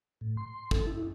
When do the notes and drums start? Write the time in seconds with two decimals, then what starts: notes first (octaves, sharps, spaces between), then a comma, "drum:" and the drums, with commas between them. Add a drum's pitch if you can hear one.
0.21 A2
0.37 C6
0.71 A4, drum: kick
0.87 E4